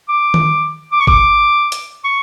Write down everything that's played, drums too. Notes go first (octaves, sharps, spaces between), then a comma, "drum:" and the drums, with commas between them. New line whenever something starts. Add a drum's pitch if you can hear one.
D6
drum: tom D#3
D6
C#6
D6, drum: kick
drum: hi-hat
C#6